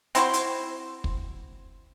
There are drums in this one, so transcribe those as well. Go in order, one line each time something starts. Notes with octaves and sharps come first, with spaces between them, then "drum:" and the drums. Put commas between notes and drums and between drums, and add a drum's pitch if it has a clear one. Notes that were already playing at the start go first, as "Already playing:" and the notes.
C4 E4 F#4 C5, drum: hi-hat
drum: hi-hat
drum: kick